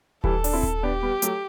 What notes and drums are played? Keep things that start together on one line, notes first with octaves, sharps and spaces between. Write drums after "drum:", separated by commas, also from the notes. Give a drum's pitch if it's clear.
E3 G3 A4, drum: kick D#1
D4, drum: open hi-hat
C4 E4
drum: kick D#1
B3 D4 G4
G3 B3
F#3 A3, drum: hi-hat